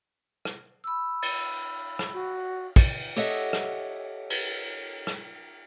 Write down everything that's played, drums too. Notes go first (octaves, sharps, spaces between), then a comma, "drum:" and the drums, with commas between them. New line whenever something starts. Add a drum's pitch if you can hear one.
drum: rim click
B5 E6
drum: cymbal
drum: rim click
F#4
drum: kick, cymbal
G4 A4 C#5 D#5 E5 F#5
drum: rim click
drum: cymbal
drum: rim click